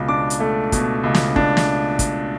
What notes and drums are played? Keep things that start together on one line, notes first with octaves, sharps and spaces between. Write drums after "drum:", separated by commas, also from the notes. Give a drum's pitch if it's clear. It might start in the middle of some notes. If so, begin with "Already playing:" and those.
Already playing: C#2 B2
D4 D6
drum: hi-hat
A3
B2, drum: kick, hi-hat
C#2
drum: snare
D4, drum: kick
drum: snare
drum: kick, hi-hat